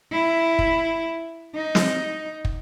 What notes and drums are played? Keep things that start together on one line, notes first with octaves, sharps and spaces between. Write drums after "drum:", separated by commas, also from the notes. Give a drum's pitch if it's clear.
E4
drum: kick
D#4
drum: snare
drum: kick